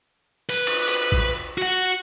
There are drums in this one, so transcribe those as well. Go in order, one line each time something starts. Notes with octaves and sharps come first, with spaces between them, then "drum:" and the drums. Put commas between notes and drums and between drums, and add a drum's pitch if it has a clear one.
B4, drum: open hi-hat
drum: cymbal
drum: hi-hat
drum: kick A1
F#4 F#5